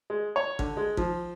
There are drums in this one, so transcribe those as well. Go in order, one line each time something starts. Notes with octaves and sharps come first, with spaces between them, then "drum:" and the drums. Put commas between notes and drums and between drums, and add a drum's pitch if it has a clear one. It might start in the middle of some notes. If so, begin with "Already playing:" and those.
G#3
C#5
D3, drum: kick G#1
G#3
F3, drum: kick G#1